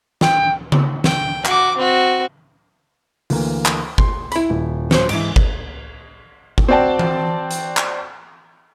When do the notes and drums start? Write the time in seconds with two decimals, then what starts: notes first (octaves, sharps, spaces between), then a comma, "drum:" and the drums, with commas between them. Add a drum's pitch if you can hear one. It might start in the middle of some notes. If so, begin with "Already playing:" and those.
0.21 G5, drum: snare
0.72 drum: tom C#3
1.04 G5, drum: snare
1.45 F#4 D6, drum: clap
1.77 C4 F#4
3.30 D2 E3 A#3, drum: open hi-hat
3.66 drum: clap
3.98 C6, drum: kick G1
4.32 E4 B5, drum: hi-hat
4.50 D#1
4.91 F#3 C5, drum: snare
5.09 G#2 E3 D7, drum: cymbal
5.36 drum: kick G1
6.58 drum: kick G1
6.68 C4 F#4 D5 G5 A5
6.99 drum: tom E3
7.51 drum: hi-hat
7.77 drum: clap